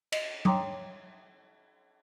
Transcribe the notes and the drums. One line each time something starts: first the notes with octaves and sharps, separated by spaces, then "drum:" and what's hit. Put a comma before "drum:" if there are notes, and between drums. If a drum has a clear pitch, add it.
D#5, drum: cymbal
C#5 G5 A#5 C6 D6 D#6, drum: tom F#3